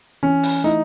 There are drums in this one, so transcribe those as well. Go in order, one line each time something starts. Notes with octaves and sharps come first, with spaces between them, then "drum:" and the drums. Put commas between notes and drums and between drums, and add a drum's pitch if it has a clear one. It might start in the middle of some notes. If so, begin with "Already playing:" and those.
E3 C#4
drum: open hi-hat
A3 D#4 E4